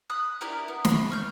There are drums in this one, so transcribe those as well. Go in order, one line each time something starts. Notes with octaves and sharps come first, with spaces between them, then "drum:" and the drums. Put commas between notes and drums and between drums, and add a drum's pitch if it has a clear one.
B5 D#6 F#6
D4 E4 G4 A#4
B3
B5 C6, drum: snare
C#6 F6 G6